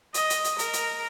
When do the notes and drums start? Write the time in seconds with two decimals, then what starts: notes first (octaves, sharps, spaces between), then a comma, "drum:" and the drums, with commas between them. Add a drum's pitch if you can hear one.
0.14 D#5, drum: hi-hat
0.30 drum: hi-hat
0.44 drum: hi-hat
0.59 A#4, drum: hi-hat
0.73 drum: hi-hat